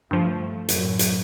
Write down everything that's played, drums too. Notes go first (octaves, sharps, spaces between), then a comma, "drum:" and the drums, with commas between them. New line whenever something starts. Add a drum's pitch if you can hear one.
G2 F3 A3
F#2 A2, drum: hi-hat
drum: hi-hat